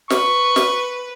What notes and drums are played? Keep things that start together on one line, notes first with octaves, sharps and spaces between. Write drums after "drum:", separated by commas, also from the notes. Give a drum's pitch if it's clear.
B4 C#6, drum: snare
drum: snare